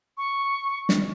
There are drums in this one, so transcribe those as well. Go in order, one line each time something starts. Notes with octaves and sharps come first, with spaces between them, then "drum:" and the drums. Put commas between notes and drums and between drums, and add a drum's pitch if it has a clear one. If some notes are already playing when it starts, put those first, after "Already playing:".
C#6
drum: snare